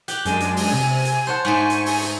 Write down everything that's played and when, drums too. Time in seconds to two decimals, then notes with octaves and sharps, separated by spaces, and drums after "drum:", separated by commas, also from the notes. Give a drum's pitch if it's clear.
0.08 G4 F#6, drum: hi-hat
0.25 F#2 G#3 D4 G#5, drum: hi-hat
0.40 drum: hi-hat
0.57 drum: open hi-hat
0.73 C3
1.05 drum: hi-hat
1.27 C5 C#5 F#5 A5
1.45 G#2 A3 D4 G#5 C#6
1.70 drum: hi-hat
1.86 drum: open hi-hat
2.02 drum: hi-hat